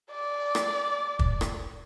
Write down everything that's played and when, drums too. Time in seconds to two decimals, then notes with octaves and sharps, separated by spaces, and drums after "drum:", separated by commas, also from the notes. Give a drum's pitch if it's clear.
0.12 D5
0.55 drum: rim click
1.19 drum: kick
1.41 drum: rim click